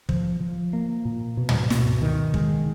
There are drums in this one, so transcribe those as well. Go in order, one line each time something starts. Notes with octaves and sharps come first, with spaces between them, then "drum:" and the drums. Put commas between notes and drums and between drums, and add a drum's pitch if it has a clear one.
F3, drum: kick
F3
A#3
A#2
B2
drum: tom
B2, drum: snare
D#3
G#3, drum: kick